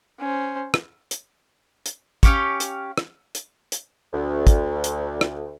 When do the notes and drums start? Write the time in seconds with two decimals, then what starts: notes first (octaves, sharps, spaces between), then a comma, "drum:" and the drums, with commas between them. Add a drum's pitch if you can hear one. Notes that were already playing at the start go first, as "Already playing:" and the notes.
0.19 C#4 C5
0.74 drum: rim click
1.11 drum: hi-hat
1.86 drum: hi-hat
2.23 C#4 G4 F5 C#6, drum: kick, hi-hat
2.60 drum: hi-hat
2.98 drum: rim click
3.35 drum: hi-hat
3.72 drum: hi-hat
4.14 D2
4.47 drum: kick, hi-hat
4.84 drum: hi-hat
5.21 drum: rim click